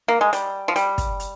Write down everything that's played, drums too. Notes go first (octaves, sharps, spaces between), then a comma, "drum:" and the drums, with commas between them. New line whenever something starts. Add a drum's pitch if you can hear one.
A#3
G#3
G3, drum: hi-hat
F3
G3, drum: hi-hat
drum: kick, hi-hat
drum: hi-hat